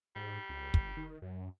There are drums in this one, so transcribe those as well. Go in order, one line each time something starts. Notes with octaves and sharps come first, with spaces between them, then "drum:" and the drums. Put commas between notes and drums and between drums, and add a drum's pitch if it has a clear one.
G#2 G3
C#2
G1, drum: kick
D#3
F#2